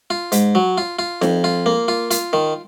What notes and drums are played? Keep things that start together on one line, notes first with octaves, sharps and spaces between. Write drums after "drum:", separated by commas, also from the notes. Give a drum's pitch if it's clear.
F4
G#2, drum: hi-hat
F#3
F4
F4
F2, drum: snare D#4
F4
A#3
F4
F4, drum: hi-hat
D#3